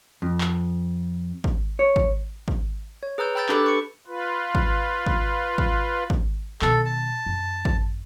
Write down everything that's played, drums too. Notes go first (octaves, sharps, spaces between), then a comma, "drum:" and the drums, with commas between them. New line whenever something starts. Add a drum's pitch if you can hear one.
F2
drum: clap
drum: kick
C#5
drum: kick
drum: kick
C#5
G#4 B4 A#5 E6 G6
G5 B5 E6 G6 A6
D4 G4 A4 B5 D6 F#6, drum: clap
B4 C#6 C#7
F4 B4
drum: kick
drum: kick
drum: kick
drum: kick
B2 D#3 A4, drum: clap
A5
F#2
drum: kick